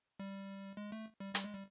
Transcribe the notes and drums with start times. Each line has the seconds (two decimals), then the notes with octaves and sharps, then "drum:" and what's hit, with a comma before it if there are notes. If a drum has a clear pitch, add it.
0.20 G3
0.77 G#3
0.92 A3
1.20 G3
1.35 G3, drum: hi-hat
1.44 G#3
1.54 G3